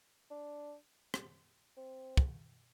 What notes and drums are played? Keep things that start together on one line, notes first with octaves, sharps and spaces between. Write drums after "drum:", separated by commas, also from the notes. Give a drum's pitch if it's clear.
D4
drum: rim click
C4
drum: kick